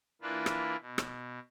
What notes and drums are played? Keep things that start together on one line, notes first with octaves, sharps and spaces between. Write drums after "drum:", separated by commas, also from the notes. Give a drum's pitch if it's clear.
E3 A#3 D4 E4 F4 B4
drum: rim click
B2
drum: rim click